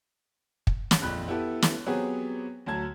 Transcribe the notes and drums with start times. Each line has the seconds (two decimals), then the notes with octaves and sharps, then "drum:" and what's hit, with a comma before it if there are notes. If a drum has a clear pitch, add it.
0.67 drum: kick
0.91 drum: snare
1.02 A#1 F2 B5 F#6
1.28 B3 E4 G4 A4 B4
1.62 drum: snare
1.86 F#3 B3 C4 G4 G#4 C#5
2.66 D2 F#3 A5 G#6